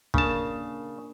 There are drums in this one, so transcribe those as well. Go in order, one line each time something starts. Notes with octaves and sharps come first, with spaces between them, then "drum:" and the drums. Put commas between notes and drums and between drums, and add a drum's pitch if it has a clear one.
C#3 A#3 D4 A5, drum: kick